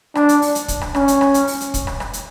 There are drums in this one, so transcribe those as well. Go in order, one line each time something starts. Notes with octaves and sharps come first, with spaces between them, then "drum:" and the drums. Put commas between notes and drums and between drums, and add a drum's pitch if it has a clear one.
D4, drum: rim click
drum: hi-hat
drum: open hi-hat
drum: hi-hat
drum: kick, hi-hat
drum: rim click
C#4, drum: rim click
drum: hi-hat
drum: rim click
drum: hi-hat
drum: open hi-hat
drum: hi-hat
drum: kick, hi-hat
drum: rim click
drum: rim click
drum: hi-hat